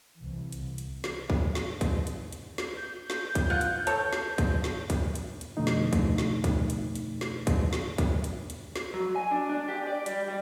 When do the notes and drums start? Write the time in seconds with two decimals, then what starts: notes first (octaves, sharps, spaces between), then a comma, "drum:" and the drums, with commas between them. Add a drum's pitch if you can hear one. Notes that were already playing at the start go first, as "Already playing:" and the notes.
0.18 C2 E3
0.52 drum: hi-hat
0.78 drum: hi-hat
1.04 drum: snare
1.30 drum: kick
1.55 drum: snare
1.81 drum: kick, hi-hat
2.07 drum: hi-hat
2.33 drum: hi-hat
2.58 drum: snare
2.77 G6
3.10 drum: snare
3.35 drum: kick, hi-hat
3.50 F4 F#5
3.61 drum: hi-hat
3.87 A4 C#5, drum: hi-hat
4.13 drum: snare
4.38 drum: kick, hi-hat
4.64 drum: snare
4.90 drum: kick, hi-hat
5.15 drum: hi-hat
5.41 drum: hi-hat
5.57 F2 B2 D3 A3 D#4
5.67 drum: snare
5.93 drum: kick, hi-hat
6.18 drum: snare
6.44 drum: kick, hi-hat
6.70 drum: hi-hat
6.95 drum: hi-hat
7.21 drum: snare
7.47 drum: kick, hi-hat
7.73 drum: snare
7.98 drum: kick, hi-hat
8.24 drum: hi-hat
8.50 drum: hi-hat
8.76 drum: snare
8.94 F#3
9.16 G#5
9.31 D4
9.49 D4
9.68 G4
9.87 D5
10.06 G3, drum: hi-hat
10.28 G3